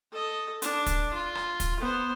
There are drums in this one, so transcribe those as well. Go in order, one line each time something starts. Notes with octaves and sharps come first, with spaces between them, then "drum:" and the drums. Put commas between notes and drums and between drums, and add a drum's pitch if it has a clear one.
A4 D#5
D4, drum: hi-hat
drum: kick, hi-hat
F4
drum: rim click
drum: kick, hi-hat
B3 C5